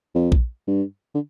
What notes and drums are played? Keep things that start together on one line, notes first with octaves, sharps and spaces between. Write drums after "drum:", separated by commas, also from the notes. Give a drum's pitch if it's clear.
F2
drum: kick A#1
G2
D3